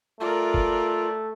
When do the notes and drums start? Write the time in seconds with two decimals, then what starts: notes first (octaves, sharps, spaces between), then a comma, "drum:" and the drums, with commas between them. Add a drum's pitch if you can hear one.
0.20 A3 F4 A#4 D5
0.54 drum: kick